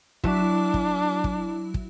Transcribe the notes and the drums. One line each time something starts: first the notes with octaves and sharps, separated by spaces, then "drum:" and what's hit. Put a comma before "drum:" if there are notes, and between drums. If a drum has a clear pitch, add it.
F#3 D4 E4, drum: kick
drum: kick
drum: kick
drum: kick